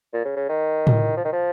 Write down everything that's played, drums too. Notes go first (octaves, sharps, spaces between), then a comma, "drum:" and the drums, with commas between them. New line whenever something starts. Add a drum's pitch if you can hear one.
A#2
C#3
C#3
D#3
drum: tom A2
F3
D#3
F3